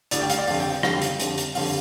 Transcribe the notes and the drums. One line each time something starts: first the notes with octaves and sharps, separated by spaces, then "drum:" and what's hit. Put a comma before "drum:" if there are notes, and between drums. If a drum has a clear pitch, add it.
A1 G2 D3 G3 D5, drum: hi-hat
G5
F5, drum: hi-hat
D5
F2 D3 G3 F5, drum: open hi-hat
G5
G5
F2 D3 G3 F5, drum: rim click
drum: hi-hat
F2 D3 G3, drum: hi-hat
drum: hi-hat
F2 D3 G3 F5, drum: open hi-hat